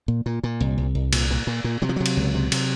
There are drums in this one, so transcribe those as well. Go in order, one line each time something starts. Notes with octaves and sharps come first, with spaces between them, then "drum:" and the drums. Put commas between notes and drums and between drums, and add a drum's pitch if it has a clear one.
A#2
A#2
A#2
C2
C2
C2
A#2, drum: cymbal
A#2
A#2
A#2
C3 F#3
F3
C3 F#3
drum: cymbal
C#2
C3
C3, drum: cymbal